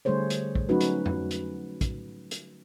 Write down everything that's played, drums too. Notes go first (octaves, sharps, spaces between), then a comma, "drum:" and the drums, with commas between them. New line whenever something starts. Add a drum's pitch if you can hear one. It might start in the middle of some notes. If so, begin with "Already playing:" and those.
D3 G3 A3 G#4 C5 C#5
drum: hi-hat
drum: kick
F#3 A3 C#4 D#4 F#4 B4
drum: hi-hat
drum: tom F2
drum: hi-hat
drum: kick, hi-hat
drum: hi-hat